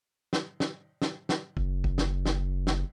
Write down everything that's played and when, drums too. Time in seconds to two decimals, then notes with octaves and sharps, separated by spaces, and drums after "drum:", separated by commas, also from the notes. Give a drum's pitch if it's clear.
0.33 drum: snare
0.60 drum: snare
1.02 drum: snare
1.29 drum: snare
1.57 F#1, drum: kick
1.84 drum: kick
1.98 drum: snare
2.25 drum: snare
2.67 drum: snare